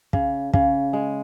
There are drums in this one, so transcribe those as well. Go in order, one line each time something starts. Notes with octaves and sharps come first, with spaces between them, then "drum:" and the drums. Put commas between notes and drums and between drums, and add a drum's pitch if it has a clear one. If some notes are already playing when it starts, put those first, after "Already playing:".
C#3, drum: kick
C#3, drum: kick
G#3